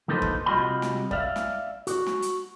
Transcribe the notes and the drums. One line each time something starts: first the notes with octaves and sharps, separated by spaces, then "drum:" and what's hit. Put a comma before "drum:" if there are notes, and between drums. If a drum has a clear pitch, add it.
F3 A#3 D#4 A4 B4 C5
drum: kick
C3 G3 F4 F#4 D#5 B5
drum: snare
D5 E5 F5, drum: kick
drum: snare
F#4, drum: hi-hat
drum: snare
drum: hi-hat